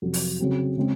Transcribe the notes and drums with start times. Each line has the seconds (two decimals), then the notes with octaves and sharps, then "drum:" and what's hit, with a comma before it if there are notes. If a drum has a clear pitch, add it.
0.02 F2 C3 F#3
0.14 drum: open hi-hat
0.39 C#3 F#3 C4 F#4
0.77 C#3 G#3 C4